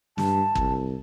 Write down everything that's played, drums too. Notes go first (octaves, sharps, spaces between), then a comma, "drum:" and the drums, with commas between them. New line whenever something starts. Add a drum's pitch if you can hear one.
G2 A5, drum: snare
C2, drum: kick G1